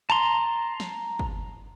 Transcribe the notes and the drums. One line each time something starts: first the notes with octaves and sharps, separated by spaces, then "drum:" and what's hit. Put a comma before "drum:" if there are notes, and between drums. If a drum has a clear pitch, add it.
A5 A#5 C6
drum: snare
drum: kick